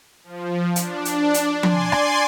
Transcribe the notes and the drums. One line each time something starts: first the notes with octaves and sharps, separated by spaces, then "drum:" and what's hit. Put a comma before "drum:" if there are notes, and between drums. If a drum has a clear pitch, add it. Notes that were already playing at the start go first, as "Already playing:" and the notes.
F3
D4, drum: hi-hat
drum: hi-hat
drum: hi-hat
D5 G#5 C6, drum: tom F3
drum: rim click